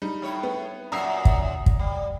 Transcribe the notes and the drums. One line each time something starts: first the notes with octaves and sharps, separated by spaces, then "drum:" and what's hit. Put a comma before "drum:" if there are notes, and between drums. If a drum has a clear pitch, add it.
G3 D#4
A2 C#5
B3
F#2 A#2 E5 A#5 D#6 C7
drum: kick
drum: kick
G3